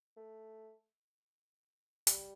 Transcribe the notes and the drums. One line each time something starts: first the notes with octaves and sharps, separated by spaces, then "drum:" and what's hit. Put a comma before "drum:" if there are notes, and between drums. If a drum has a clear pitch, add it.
A3
G3, drum: hi-hat